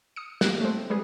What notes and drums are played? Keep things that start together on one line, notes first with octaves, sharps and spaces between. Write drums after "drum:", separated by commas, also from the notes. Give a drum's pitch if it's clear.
D#6 C#7
A#3 F#6, drum: snare
A3 C4
G3 G#3 G#4 B4